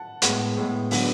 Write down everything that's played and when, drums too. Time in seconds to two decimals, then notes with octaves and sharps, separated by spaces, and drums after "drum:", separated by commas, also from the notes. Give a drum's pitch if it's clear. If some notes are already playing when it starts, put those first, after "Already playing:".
Already playing: F#5 A5
0.22 A2 G#3 B3, drum: hi-hat
0.57 A2 G#3 B3
0.91 D3 F#3 B3, drum: open hi-hat